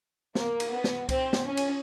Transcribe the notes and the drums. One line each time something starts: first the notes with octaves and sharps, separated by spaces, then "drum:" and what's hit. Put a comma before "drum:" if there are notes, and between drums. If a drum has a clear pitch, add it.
A#3, drum: snare
drum: cymbal
B3
drum: snare
C4, drum: kick C2, cymbal
drum: snare
C#4
drum: cymbal